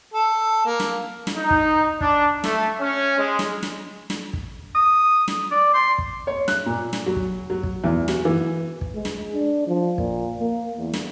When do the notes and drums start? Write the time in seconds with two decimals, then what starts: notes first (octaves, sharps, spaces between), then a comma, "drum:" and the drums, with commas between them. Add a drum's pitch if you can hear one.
0.14 A4
0.66 A#3
0.80 drum: snare
1.27 drum: snare
1.37 D#4
1.50 drum: kick
2.01 D4, drum: kick
2.44 A3, drum: snare
2.80 C#4
3.18 G#3
3.39 drum: snare
3.63 drum: snare
4.10 drum: snare
4.33 drum: kick
4.75 D#6
5.28 drum: snare
5.51 D5
5.74 C6
5.98 drum: kick
6.27 C#5
6.48 F#6, drum: snare
6.66 A#2
6.93 drum: snare
7.06 F#3
7.16 drum: kick
7.50 F#3
7.63 drum: kick
7.84 E2
8.08 F#4, drum: snare
8.25 E3
8.81 drum: kick
8.95 G#3
9.05 drum: snare
9.33 D4
9.67 F3
9.98 A#2, drum: kick
10.39 A#3
10.77 E2
10.93 drum: snare